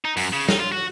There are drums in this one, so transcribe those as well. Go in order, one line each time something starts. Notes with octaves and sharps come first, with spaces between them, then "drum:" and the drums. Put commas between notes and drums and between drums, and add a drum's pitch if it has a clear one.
D#4
F#2, drum: open hi-hat
C#3
D#4, drum: snare
F4
F#4